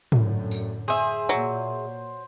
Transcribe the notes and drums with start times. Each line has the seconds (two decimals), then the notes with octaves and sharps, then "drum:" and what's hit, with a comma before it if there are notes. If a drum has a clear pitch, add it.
0.12 F#2 A2 D3, drum: tom G#2
0.51 drum: tambourine
0.88 G#4 C5 E5
1.29 A#2 F#3